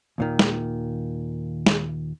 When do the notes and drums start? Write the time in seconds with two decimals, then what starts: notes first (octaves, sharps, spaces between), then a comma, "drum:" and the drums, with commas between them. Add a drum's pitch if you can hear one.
0.18 D#2 A#2 D#3
0.39 drum: snare
1.66 drum: snare